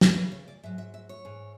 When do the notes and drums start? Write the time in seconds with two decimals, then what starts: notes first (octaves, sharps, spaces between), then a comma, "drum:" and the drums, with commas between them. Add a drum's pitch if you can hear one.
0.01 D2 C#3 E3 C#5, drum: snare
0.17 B4
0.32 C#5
0.48 D5
0.63 G#2 F#3 E5
0.78 E5
0.94 E5
1.09 C#5
1.25 G#2 E3